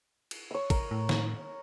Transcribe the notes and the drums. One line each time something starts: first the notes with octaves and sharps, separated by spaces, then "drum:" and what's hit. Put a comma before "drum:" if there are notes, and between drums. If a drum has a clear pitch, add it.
drum: cymbal
C#5 E6
A#4, drum: kick, cymbal
A2
drum: snare